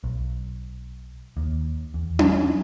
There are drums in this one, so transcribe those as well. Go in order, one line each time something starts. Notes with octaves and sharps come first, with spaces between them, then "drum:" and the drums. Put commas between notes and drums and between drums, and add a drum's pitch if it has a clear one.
B1
D#2
E2
drum: tom C#4